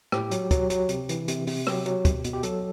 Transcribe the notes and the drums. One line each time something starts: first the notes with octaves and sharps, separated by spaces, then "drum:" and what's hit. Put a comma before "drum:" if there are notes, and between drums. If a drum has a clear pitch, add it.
A2 G4, drum: rim click
F#3, drum: hi-hat
F#3, drum: kick D2, hi-hat
F#3, drum: hi-hat
C3, drum: hi-hat
E3, drum: hi-hat
C3, drum: hi-hat
C3, drum: open hi-hat
F#3 G4, drum: rim click
F#3, drum: hi-hat
B2, drum: kick D2, hi-hat
B2, drum: hi-hat
G4
F#3 A4, drum: hi-hat